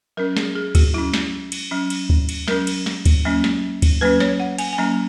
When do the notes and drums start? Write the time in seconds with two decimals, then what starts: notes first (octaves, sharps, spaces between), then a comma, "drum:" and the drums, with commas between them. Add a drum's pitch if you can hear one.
0.17 F#3 C#4 A#4
0.37 G#4, drum: snare
0.55 G#4
0.75 F#4, drum: kick D2, cymbal
0.94 F#3 C#4 E4
1.14 drum: snare
1.52 drum: cymbal
1.71 F#3 C#4
1.90 drum: cymbal
2.10 drum: kick D2
2.29 drum: cymbal
2.48 F#3 C#4 A#4, drum: snare
2.67 drum: cymbal
2.86 drum: snare
3.06 drum: kick D2, cymbal
3.25 F#3 A#3 C#4
3.44 drum: snare
3.82 drum: kick D2, cymbal
4.01 F#3 A#3 C#4 B4
4.20 C#5, drum: snare
4.40 F#5
4.59 G#5, drum: cymbal
4.73 G#5
4.78 F#3 A#3 C#4 A#5